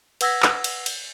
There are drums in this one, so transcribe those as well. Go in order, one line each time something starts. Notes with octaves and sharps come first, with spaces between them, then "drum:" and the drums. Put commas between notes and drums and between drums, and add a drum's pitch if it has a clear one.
B4 F#5 E6 G#6 A#6 B6, drum: cymbal
drum: clap
drum: cymbal
drum: cymbal